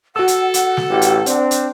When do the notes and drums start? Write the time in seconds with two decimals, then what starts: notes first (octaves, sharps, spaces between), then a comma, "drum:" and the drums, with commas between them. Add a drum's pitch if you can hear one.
0.16 F#4 A4 F#5 E6
0.28 drum: hi-hat
0.54 F#5, drum: hi-hat
0.77 drum: snare
0.90 A1 G4
1.02 drum: hi-hat
1.26 C4 D4, drum: hi-hat
1.51 drum: hi-hat